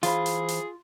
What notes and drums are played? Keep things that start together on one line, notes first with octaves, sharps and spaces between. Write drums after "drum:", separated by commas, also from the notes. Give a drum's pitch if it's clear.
E3 F4 G#4 C5 B5, drum: hi-hat
drum: hi-hat
drum: hi-hat